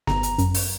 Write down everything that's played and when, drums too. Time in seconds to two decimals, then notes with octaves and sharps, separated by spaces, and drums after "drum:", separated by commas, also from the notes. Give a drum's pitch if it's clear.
0.07 G1 A#5, drum: snare B3
0.23 drum: hi-hat
0.38 F#2, drum: hi-hat
0.55 drum: open hi-hat